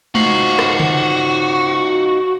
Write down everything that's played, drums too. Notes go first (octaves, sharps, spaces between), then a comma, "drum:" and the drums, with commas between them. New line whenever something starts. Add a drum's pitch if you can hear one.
D#4 F4 F#4 C5, drum: tom G#3
drum: rim click
drum: tom C#3